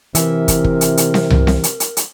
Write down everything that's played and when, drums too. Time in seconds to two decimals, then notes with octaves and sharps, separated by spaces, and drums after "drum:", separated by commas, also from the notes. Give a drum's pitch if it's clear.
0.15 C3 E3 A#4 E5, drum: hi-hat
0.48 drum: kick, hi-hat
0.64 drum: kick
0.81 drum: hi-hat
0.97 drum: hi-hat
1.14 drum: snare C4
1.30 drum: tom C2
1.47 drum: snare C4
1.64 drum: hi-hat
1.80 drum: hi-hat
1.97 drum: hi-hat